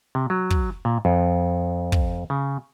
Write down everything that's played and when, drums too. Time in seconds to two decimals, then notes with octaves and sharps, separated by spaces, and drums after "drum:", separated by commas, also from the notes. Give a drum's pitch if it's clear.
0.15 C3
0.30 F#3
0.50 drum: kick
0.85 A#2
1.05 F2
1.92 drum: kick
2.30 C#3